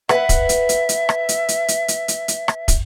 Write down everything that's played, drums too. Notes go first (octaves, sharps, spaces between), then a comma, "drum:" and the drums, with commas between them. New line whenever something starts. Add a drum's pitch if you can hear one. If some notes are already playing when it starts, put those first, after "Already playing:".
B4 E5 F#5, drum: rim click
drum: kick, hi-hat
drum: hi-hat
drum: hi-hat
drum: hi-hat
drum: rim click
drum: hi-hat
drum: hi-hat
drum: hi-hat
drum: hi-hat
drum: hi-hat
drum: hi-hat
drum: rim click
drum: kick, hi-hat